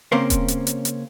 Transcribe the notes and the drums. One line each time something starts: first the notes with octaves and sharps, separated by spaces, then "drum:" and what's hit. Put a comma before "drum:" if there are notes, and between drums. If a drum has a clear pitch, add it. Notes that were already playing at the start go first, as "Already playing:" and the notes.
C#3 A#3 C4 C#4 A#4 C5
drum: kick D#1, hi-hat
drum: hi-hat
drum: hi-hat
drum: hi-hat